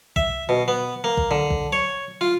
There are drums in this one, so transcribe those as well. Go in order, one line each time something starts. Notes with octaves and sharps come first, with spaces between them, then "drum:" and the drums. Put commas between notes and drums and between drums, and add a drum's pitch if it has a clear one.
E5, drum: kick
B2
B3
A#3
drum: kick
D3
drum: kick
C#5
F4